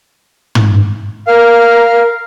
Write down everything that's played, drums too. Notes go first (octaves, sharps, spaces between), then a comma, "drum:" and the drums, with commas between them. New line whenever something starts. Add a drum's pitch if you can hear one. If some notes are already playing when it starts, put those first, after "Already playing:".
drum: tom
A#4 F5